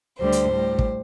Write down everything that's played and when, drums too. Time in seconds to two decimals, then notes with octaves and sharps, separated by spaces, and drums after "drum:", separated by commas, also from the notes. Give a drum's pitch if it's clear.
0.19 D2 D3 G3 C5
0.32 drum: hi-hat
0.50 A2 G3
0.79 drum: kick